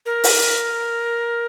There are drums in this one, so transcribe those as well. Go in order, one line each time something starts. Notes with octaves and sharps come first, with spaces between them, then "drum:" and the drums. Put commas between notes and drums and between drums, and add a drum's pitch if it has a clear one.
A#4
drum: open hi-hat